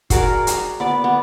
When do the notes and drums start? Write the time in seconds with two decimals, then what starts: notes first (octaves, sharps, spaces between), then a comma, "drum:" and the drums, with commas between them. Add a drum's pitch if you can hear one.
0.10 F#4 G#4 A#4 D5, drum: kick, hi-hat
0.47 drum: hi-hat
0.80 B3 D5
1.04 B3